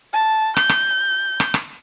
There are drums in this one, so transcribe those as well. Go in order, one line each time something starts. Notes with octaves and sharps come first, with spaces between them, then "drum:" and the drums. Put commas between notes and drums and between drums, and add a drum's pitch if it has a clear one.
A5
G6, drum: rim click
drum: rim click
drum: rim click
drum: rim click